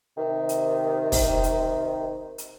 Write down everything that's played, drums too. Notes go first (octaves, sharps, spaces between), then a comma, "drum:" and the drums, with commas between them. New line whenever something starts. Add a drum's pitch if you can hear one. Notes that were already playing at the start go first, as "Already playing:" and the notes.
C3 D#3
drum: hi-hat
drum: kick, open hi-hat
drum: hi-hat
drum: hi-hat